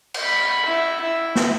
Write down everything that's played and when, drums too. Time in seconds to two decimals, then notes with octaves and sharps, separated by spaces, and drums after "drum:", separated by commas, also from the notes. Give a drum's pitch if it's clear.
0.14 drum: cymbal
0.24 B5
0.66 E4
1.01 E4
1.35 drum: snare